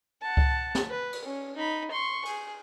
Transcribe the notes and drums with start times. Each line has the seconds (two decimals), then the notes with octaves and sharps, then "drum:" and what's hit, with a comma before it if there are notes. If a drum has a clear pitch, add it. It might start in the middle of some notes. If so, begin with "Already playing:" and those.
0.22 F#5 A5
0.37 drum: kick C#2
0.75 drum: snare
0.89 B4
1.12 drum: cymbal
1.25 C#4
1.56 D#4 B5
1.91 C6 C#6
2.25 G#4, drum: cymbal